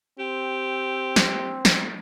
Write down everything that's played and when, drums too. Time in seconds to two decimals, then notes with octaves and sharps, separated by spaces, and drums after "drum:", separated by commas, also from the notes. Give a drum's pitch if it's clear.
0.19 C4 G4
1.16 drum: snare
1.65 drum: snare